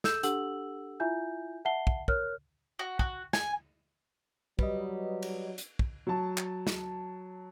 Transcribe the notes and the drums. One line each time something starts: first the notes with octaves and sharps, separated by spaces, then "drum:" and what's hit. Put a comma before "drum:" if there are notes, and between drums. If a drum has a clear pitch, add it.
A4 E6 G6 E7, drum: snare
D4 G4 A4 F#5 E6 F#7, drum: hi-hat
E4 F4 E5 G#5 G6
E5 F#5 A5 C7 G7
drum: kick
A#4 C#5 F6 F#6, drum: kick
F#4
F#4, drum: kick
G#5, drum: snare
F#3 G3 B4 D#5, drum: kick
drum: cymbal
drum: hi-hat
drum: kick
F#3 A5
drum: clap
drum: snare